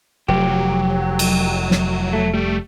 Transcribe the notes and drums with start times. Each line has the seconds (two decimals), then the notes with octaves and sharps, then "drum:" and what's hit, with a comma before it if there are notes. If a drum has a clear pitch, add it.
0.28 F1 F#3 G4
1.19 drum: cymbal
1.71 drum: snare
2.13 A3
2.33 G3 A3